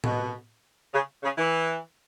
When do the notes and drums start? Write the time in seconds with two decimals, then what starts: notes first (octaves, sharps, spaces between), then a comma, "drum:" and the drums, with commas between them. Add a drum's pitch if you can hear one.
0.04 B2, drum: tom A2
0.94 C#3
1.23 C#3
1.37 E3